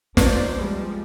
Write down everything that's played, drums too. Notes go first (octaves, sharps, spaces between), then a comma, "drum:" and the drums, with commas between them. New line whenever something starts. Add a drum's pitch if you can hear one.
A3 C4 D#4 B4 C5 D5, drum: snare
F3 G3 G#3